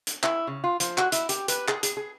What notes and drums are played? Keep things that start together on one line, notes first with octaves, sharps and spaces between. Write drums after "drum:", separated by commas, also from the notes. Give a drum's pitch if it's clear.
drum: hi-hat
E4, drum: clap
C#3
F4
F3, drum: hi-hat
F#4, drum: clap
E4, drum: hi-hat
G4, drum: hi-hat
B4, drum: hi-hat
G#4, drum: clap
G#4, drum: hi-hat
G#4